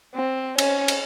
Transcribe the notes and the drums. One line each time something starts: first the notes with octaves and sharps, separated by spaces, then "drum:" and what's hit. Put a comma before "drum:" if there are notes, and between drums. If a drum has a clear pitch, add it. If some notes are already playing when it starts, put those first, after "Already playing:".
C4
C#4, drum: cymbal
drum: cymbal